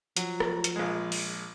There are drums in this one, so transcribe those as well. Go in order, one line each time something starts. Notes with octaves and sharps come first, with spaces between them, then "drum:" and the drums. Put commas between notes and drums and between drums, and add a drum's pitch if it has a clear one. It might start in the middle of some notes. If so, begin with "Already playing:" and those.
F3 F#3, drum: hi-hat
drum: rim click
drum: hi-hat
A#1 G#3
drum: open hi-hat